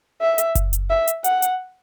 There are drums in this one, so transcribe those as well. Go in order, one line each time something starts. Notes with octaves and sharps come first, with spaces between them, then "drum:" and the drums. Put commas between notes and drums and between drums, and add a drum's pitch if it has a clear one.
E5
drum: hi-hat
drum: kick F#1, hi-hat
drum: hi-hat
E5
drum: hi-hat
F#5, drum: hi-hat
drum: hi-hat